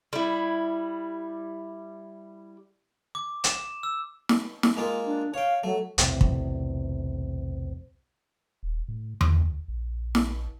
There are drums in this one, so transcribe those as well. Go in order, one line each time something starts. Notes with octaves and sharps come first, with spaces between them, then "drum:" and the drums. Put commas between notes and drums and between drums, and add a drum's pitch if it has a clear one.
G3 E4
D6
E7, drum: hi-hat
E6
drum: snare
drum: snare
G#3 A#3 F4
D4
C#5 F5 G5
F#3 A3
B1 E2 A2 C3, drum: hi-hat
drum: kick
D#1
A2
D#3, drum: tom E2
D2
A#1
drum: snare